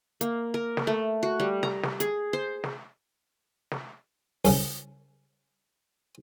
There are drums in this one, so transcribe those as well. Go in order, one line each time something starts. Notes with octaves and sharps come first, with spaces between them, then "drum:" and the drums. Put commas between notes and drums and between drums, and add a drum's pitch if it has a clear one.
A#3, drum: hi-hat
A#4
drum: snare
A3
F#4
G3
A#5, drum: snare
drum: snare
G#4, drum: hi-hat
C5
drum: snare
drum: snare
C2 C#3, drum: open hi-hat